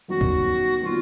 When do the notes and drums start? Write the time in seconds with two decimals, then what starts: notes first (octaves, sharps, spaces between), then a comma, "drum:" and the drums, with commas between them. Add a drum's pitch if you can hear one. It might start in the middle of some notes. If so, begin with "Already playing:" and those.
0.08 F#2 D#3 G3 B3 F#4
0.21 drum: kick
0.81 D#3 G3 B3 F4 F#4